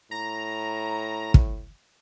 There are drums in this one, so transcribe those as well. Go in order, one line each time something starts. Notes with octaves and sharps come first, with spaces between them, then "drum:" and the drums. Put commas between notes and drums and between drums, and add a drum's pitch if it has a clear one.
A2 A#5
drum: kick